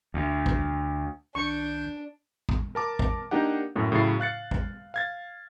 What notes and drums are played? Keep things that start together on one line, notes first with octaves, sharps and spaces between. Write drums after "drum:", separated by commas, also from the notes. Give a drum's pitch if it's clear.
D2
drum: kick
C2 D#3 D4 C#6 G6
drum: kick
A#4 A5 D6
drum: kick
A#3 D4 D#4 G4 F#5
F#2 A2 A#3
A2 C#3 F#3 E4 A6 C7
F5 F#6 A6 C#7
drum: kick
F5 G#6 A6